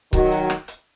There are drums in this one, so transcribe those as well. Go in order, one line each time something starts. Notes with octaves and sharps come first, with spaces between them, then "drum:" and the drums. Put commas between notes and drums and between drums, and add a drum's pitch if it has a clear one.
D#3 F#3, drum: kick C#1, hi-hat
drum: hi-hat
drum: rim click
drum: hi-hat